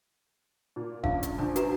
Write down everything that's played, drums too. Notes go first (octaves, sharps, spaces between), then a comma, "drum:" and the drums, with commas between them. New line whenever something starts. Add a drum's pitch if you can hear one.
A#2
A#1 G2 C#3 F5, drum: kick F1
drum: hi-hat
A#1 D4 C5
F#4 B4 A#5, drum: hi-hat